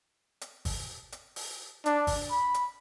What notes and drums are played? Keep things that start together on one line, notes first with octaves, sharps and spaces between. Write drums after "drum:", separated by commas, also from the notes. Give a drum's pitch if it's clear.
drum: hi-hat
drum: kick G1, open hi-hat
drum: hi-hat
drum: open hi-hat
D4, drum: hi-hat
drum: kick G1, open hi-hat
B5
drum: hi-hat